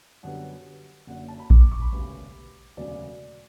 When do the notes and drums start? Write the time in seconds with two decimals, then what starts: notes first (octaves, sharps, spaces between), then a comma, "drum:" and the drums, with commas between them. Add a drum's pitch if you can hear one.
0.23 F#2 D3 G3 B3 F#5
1.07 F#1 F#2 D3 F#5
1.28 A5
1.39 B5
1.50 D6, drum: kick A#1
1.61 D6
1.72 C#6
1.81 B5
1.93 E1 D2 C#3 G3 B3
2.77 E1 D2 C#3 F#3 D5